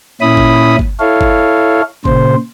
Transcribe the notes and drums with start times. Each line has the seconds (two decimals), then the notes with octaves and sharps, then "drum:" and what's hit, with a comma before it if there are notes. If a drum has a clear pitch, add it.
0.21 A#2 C#4 E4 B5 D#6
0.37 drum: kick G1
0.79 drum: kick G1
1.00 E4 A4 C#5 F5
1.21 drum: kick G1
2.05 A#2 C#3 C5, drum: kick G1